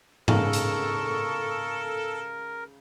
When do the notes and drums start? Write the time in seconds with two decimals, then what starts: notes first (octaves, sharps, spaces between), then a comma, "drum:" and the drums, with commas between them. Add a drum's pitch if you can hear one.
0.28 C#3 G#3 D#4 A4 A#4 C#6, drum: tom G#2
0.53 drum: hi-hat